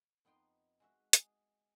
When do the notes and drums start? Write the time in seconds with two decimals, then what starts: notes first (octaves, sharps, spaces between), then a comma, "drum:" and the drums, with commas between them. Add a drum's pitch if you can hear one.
0.25 F2 B3 D#4 G5 C6
0.80 G#3 F#4 E5
1.13 G#4, drum: hi-hat